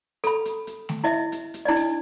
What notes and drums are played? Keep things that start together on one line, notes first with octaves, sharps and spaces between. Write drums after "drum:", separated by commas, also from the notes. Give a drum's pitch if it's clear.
A4 B5, drum: hi-hat
drum: hi-hat
drum: hi-hat
drum: snare A3
E4 D#5 E5
drum: hi-hat
drum: hi-hat
D4 E4 D5 D#5
drum: open hi-hat